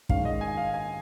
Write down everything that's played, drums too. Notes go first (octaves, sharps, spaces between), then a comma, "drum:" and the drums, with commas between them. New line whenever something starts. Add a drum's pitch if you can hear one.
G#2 D#3 G#3 C#4 F5, drum: kick
D#5
G#5
F5
G#5